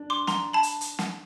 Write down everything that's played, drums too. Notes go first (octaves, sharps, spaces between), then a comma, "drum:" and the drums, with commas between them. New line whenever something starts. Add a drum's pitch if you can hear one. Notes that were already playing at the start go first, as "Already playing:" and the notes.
Already playing: D4
C6 D6
A#5 C6, drum: snare
A5 B5
drum: hi-hat
drum: hi-hat
drum: snare